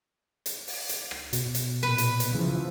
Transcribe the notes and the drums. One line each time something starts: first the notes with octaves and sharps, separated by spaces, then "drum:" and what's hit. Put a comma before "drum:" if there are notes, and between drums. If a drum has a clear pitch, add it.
drum: hi-hat
drum: open hi-hat
drum: hi-hat
drum: rim click
B2, drum: hi-hat
drum: hi-hat
A#2 B4
drum: hi-hat
drum: hi-hat
C#3 E3 F3